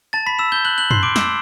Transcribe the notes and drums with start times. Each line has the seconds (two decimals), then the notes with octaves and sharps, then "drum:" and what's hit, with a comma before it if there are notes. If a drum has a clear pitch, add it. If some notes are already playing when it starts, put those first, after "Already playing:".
0.13 A5 A6
0.26 B5 B6
0.39 E6 E7
0.52 G6 G7
0.65 F#6 F#7
0.78 F#6 F#7
0.91 C6 C7, drum: tom
1.03 D6 D7
1.16 E6 E7, drum: snare